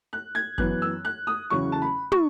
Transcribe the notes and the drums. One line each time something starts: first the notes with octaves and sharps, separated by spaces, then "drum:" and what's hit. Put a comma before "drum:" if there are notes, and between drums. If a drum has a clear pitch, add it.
F#6
G#6
F#2 E3 B3 F#6, drum: kick G1
E6
F#6
D#6
E2 C#3 F#3 C#4 E4 C#6
A5
B5
C#6, drum: tom